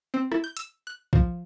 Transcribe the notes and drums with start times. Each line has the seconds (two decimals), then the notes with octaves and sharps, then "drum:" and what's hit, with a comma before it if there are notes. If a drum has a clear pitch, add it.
0.14 C4
0.32 E4, drum: rim click
0.44 G6
0.57 E6, drum: hi-hat
0.87 F#6
1.13 F3, drum: kick